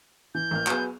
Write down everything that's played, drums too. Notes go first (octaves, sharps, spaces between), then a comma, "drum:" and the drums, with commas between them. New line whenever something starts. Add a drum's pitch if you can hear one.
E3 G6
A1 A#3 F6
F#3 B3 G#4, drum: clap